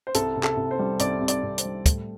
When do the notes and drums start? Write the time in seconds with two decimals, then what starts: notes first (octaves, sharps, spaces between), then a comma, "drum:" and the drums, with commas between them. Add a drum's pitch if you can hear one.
0.07 C5
0.14 C2 A4, drum: hi-hat
0.36 C3
0.43 A4, drum: clap
0.57 C2
0.71 C5
0.79 G3
0.99 C2 D5, drum: hi-hat
1.21 C3
1.28 D5, drum: hi-hat
1.43 C2
1.58 C5, drum: hi-hat
1.65 G3
1.86 A3, drum: kick, hi-hat